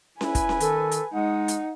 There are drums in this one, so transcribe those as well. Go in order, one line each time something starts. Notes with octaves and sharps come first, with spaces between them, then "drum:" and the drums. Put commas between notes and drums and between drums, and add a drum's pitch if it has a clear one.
E4 B4 G#5, drum: snare C#4
drum: kick, hi-hat
drum: snare C#4
D#3 A4, drum: hi-hat
drum: hi-hat
G#3 D#4 F#5
drum: hi-hat